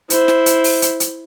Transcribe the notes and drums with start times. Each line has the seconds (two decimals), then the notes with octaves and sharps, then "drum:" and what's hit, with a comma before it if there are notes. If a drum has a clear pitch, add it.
0.10 E4 C5, drum: hi-hat
0.28 drum: snare
0.46 drum: hi-hat
0.64 drum: open hi-hat
0.82 drum: hi-hat
1.00 drum: hi-hat